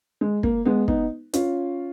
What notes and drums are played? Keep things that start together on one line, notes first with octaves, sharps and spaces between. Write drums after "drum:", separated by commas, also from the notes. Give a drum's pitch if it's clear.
G#3
A#3, drum: kick
G#3 B3
B3 D#4, drum: kick
C#4 F4, drum: hi-hat